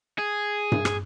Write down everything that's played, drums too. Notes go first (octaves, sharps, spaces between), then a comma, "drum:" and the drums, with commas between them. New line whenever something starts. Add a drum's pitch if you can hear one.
G#4
drum: tom G2
drum: rim click